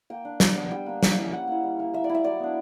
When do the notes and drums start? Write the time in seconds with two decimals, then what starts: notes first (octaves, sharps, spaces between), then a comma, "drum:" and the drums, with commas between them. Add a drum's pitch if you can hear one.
0.10 A#3 G5
0.25 D4
0.40 G3, drum: snare
0.56 B3 D4
0.71 G3 G5
0.86 A#3 D4
1.03 A#3, drum: snare
1.17 C#4 E4
1.32 G3 F#5
1.47 A#3 E4
1.63 G3
1.79 A#3 E4
1.94 A#3 E5
2.04 D5
2.09 E4
2.15 E5
2.24 F#3 D5
2.40 B3 D4